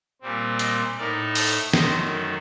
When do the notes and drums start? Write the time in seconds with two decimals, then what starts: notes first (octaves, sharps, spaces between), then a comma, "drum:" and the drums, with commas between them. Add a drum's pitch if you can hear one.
0.21 A#2 G3 C4
0.59 C5 D#5, drum: hi-hat
0.97 A2 A3 D#4 A#4 D5
1.35 A4 C5, drum: open hi-hat
1.73 F#2 D#3 A3 C5 D#5, drum: snare